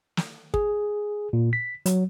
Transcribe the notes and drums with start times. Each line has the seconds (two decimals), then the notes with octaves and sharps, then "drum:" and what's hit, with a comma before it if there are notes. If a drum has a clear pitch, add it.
0.17 drum: snare
0.54 G#4, drum: kick
1.33 A#2
1.53 B6
1.86 F#3, drum: hi-hat